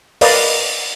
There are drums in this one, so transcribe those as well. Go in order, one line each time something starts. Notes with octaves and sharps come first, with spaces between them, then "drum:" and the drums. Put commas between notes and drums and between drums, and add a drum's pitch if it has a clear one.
A#4 B4 D5 D#5 F5, drum: open hi-hat